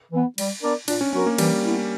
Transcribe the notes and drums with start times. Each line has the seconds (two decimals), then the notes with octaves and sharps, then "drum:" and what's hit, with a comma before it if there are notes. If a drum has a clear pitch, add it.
0.12 E3 B3
0.38 G3, drum: cymbal
0.63 B3 D4 A#4 D5
0.88 A#2 D4, drum: cymbal
1.01 C#4
1.13 F#3 B3 C#4 F#4 A#4
1.26 A#3
1.38 E3 G3, drum: cymbal
1.64 B3 E4